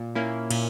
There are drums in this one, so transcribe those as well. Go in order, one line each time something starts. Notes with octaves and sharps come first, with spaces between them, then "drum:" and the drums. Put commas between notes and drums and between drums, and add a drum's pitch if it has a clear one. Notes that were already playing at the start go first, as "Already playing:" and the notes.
Already playing: A#2
A#3 C#4 E4
A#2, drum: cymbal